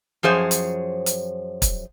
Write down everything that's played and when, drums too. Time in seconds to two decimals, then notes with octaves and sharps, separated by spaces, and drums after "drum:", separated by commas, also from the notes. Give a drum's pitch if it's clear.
0.23 F#2 F3 G#4 C5 C#5
0.51 drum: hi-hat
1.06 drum: hi-hat
1.62 drum: kick, hi-hat